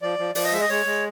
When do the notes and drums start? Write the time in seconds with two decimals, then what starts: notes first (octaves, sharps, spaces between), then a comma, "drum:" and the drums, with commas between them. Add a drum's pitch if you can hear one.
0.02 F3 D5
0.19 F3
0.35 F3 D5, drum: open hi-hat
0.44 D#5
0.52 G#3 E5
0.61 D#5
0.69 G#3 C#5
0.86 G#3